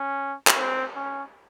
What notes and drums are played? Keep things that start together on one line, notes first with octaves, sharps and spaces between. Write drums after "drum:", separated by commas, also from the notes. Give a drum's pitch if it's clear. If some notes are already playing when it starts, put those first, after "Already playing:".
Already playing: C#4
drum: clap
C4
C#4